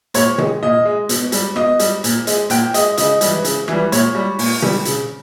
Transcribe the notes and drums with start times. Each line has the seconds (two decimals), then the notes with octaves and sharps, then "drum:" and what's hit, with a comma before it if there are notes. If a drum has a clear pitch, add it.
0.14 A#2 C#5, drum: hi-hat
0.38 G#3, drum: tom
0.63 A#2 D#5
0.85 G#3
1.09 B2, drum: hi-hat
1.32 G3, drum: hi-hat
1.56 B2 D#5, drum: rim click
1.79 G3, drum: hi-hat
2.04 A#2, drum: hi-hat
2.27 G#3, drum: hi-hat
2.50 A#2 G5, drum: hi-hat
2.74 G#3 D#5, drum: hi-hat
2.97 C#3 D#5, drum: hi-hat
3.21 E3 G3, drum: hi-hat
3.45 C#3, drum: hi-hat
3.68 E3 G3, drum: rim click
3.92 A#2 C#5, drum: hi-hat
4.15 G3
4.39 A#2, drum: open hi-hat
4.62 G3, drum: tom
4.85 C#3, drum: hi-hat